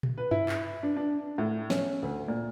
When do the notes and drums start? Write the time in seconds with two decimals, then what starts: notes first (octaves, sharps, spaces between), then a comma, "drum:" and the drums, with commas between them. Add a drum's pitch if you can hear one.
0.03 drum: tom A#2
0.18 B4
0.31 E4, drum: tom G2
0.49 drum: clap
0.83 D4
0.96 D4
1.38 A2
1.70 C#4, drum: snare
2.02 D2
2.28 A#2